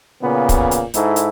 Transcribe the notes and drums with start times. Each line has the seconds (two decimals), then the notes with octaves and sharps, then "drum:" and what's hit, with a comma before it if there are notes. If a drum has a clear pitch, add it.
0.21 A#2 C#3 B3
0.49 drum: kick, hi-hat
0.71 drum: hi-hat
0.94 G#2 E4 A4, drum: hi-hat
1.16 drum: hi-hat